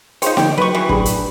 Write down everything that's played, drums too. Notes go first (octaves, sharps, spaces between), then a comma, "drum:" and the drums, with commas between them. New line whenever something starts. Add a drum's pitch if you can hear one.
D#4 F4 G#4 C5 C#5 G5, drum: hi-hat
D3 G5, drum: snare
F#3 B4 C#6
E3 F#4
A2 F#3 D4 G4 G#4 B5, drum: kick
drum: hi-hat